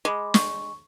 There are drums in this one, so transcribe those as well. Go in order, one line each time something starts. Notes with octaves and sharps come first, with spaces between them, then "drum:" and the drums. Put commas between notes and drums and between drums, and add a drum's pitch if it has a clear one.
G#3 B5 D6
C#6, drum: snare